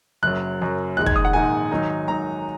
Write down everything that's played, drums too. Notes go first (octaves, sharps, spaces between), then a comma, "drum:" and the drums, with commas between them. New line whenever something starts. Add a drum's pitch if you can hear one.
F#1 F#2 F#3 F#6
F#1 F#2 F#3
A#1 G#2 D#3 G#3 D#4 F#6
G#6, drum: kick
D#6
F#5
A#1 G#2 D#3 G#3 D#4 G#5
G#2 D#3 F#3 D#4
G#2 D#3 F#3 D#4 A#5